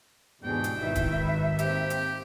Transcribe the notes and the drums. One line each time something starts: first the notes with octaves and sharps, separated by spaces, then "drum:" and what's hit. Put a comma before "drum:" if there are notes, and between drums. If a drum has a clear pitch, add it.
E2 G#2 B2 D4 G4 G#4 G5
drum: hi-hat
G#1 G#2 B2 D#3 E4 E5
drum: kick, hi-hat
B4
A#3 C4 G4, drum: hi-hat
drum: hi-hat